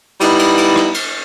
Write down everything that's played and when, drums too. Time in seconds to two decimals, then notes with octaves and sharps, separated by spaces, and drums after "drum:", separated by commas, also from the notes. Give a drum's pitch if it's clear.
0.21 G3 B3 D#4 E4, drum: cymbal
0.39 drum: cymbal
0.58 drum: cymbal
0.76 drum: rim click
0.94 drum: cymbal